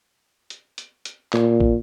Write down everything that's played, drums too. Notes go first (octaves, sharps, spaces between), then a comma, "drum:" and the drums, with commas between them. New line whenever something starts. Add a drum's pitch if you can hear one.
drum: hi-hat
drum: hi-hat
drum: hi-hat
A#2, drum: clap
drum: kick